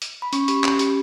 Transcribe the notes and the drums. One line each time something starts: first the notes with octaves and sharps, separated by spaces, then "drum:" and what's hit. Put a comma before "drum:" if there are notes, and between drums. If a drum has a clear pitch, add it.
drum: hi-hat
B5
C#4 C#6, drum: hi-hat
G4 B5, drum: hi-hat
C#4, drum: clap
G4, drum: hi-hat